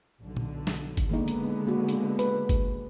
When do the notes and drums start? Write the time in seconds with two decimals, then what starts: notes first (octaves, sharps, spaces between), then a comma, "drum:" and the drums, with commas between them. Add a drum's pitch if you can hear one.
0.22 B1 D3
0.37 drum: tom
0.67 drum: snare
0.97 drum: kick, hi-hat
1.09 D3 D#3 G#3 A#3 B3 D#4
1.28 drum: hi-hat
1.67 A#3 F#4
1.89 drum: hi-hat
2.19 B4, drum: hi-hat
2.49 drum: kick, hi-hat